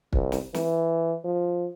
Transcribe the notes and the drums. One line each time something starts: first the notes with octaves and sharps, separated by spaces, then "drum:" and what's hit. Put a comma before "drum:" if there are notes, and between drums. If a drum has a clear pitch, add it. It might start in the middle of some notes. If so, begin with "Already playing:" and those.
C2, drum: kick
drum: snare
E3, drum: snare
F3